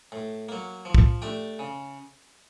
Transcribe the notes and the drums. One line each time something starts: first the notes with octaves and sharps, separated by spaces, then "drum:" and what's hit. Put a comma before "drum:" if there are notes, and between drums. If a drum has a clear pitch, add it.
A2
F#3 A#3
F3
drum: kick
A3 D4 G4
C#3